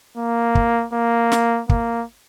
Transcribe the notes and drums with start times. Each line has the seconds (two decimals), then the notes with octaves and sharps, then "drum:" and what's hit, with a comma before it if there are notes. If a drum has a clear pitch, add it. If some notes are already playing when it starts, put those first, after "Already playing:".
0.17 A#3
0.55 drum: kick
0.93 A#3
1.32 drum: snare
1.69 A#3, drum: kick